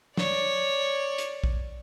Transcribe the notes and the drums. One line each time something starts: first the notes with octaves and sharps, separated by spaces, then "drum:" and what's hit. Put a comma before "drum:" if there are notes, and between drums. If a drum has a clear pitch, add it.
C#5 D5, drum: snare
drum: hi-hat
drum: kick A#1